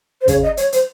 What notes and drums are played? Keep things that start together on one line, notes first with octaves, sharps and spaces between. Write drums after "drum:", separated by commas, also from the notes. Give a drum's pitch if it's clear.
C5
C#3 C#5, drum: kick, hi-hat
D#5
C#5, drum: hi-hat
C5, drum: hi-hat